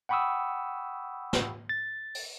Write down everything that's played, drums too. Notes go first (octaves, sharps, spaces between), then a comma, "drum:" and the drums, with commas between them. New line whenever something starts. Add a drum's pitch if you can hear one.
F#5 G5 B5 C#6 D#6 E6
drum: snare
A6
drum: open hi-hat